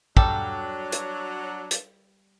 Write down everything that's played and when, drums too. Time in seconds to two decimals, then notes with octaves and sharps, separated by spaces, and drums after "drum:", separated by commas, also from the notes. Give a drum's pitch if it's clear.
0.17 F#3 G3 D4 A4, drum: kick
0.92 drum: hi-hat
1.71 drum: hi-hat